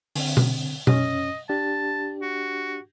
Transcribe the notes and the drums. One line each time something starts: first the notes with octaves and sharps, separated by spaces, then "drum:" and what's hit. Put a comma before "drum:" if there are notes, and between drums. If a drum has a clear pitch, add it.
D3 C4, drum: open hi-hat
drum: tom B2
F#2 C#4 D#5, drum: tom B2
D4 G4 A5
F#4